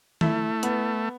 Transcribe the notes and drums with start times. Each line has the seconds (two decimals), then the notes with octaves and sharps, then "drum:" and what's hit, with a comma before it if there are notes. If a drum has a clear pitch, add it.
0.21 A3 E4, drum: tom D#3
0.63 B3, drum: hi-hat